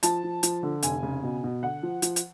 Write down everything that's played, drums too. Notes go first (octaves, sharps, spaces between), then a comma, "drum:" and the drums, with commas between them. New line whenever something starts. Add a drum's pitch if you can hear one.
F3 A5, drum: hi-hat
F3
F3, drum: hi-hat
D3
F1 G#5, drum: hi-hat
C#3
B2
B2
D3 F#5
F3
F3, drum: hi-hat
drum: hi-hat